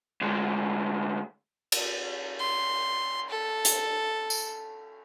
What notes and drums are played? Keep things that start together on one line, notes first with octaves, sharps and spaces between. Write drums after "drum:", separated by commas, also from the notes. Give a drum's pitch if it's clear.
D2 G#3
drum: cymbal
C6
A4
drum: hi-hat
drum: tambourine